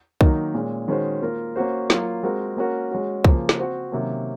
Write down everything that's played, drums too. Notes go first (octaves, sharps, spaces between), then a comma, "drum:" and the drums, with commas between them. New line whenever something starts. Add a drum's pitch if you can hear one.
D#3 F#3 A#3 D#4, drum: kick
A#2 G#3 C#4
D#3 G#3 C#4 F#4 C5
A#3 F4 A#4
A#3 C#4 F#4 C5
F#3 A#3 F4, drum: snare
G#3 C4 F#4 A#4
A#3 C#4 F#4 A#4
G#3 C#4 F#4
C#3 F3 A#3, drum: kick
drum: snare
C4 F#4 C5
C3 D#3 F#3 A#3 C#4